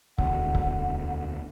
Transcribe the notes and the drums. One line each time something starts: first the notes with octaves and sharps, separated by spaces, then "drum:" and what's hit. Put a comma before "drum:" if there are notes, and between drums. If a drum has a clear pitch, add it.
E1 D2 F#5, drum: kick C#1
drum: kick C#1